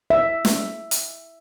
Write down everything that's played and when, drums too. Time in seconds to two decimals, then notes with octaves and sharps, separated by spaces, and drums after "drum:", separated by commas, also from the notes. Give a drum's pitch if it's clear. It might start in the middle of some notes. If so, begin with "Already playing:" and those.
0.10 E5
0.45 drum: snare
0.91 drum: hi-hat